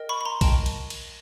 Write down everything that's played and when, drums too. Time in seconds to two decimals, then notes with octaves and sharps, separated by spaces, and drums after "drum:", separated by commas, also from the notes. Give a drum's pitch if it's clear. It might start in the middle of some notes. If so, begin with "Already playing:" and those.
Already playing: A#4 D#5 G5
0.09 B5 C#6
0.21 B5
0.25 A#5 C6
0.41 A#4 D#5 G5 A5 B5, drum: kick, cymbal
0.66 drum: cymbal
0.90 drum: cymbal